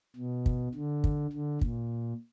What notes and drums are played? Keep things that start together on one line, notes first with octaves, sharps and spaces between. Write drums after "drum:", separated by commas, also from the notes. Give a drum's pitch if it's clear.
B2
drum: kick
D3
drum: kick
D3
A#2, drum: kick